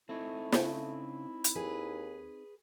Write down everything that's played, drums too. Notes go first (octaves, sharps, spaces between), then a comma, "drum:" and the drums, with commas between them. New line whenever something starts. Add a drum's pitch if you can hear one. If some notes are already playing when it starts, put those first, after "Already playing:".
A3 C4 D#4 E4
C#3, drum: snare
drum: hi-hat
D#2 G#4 B4